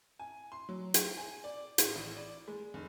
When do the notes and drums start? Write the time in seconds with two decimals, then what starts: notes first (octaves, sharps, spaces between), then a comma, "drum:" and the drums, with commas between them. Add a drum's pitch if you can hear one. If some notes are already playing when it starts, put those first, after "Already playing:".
0.19 G#5
0.52 C6
0.69 F#3
0.94 G5, drum: hi-hat
1.17 G#5
1.44 D5
1.78 A2, drum: hi-hat
1.96 A1
2.16 D5
2.48 G#3
2.74 F1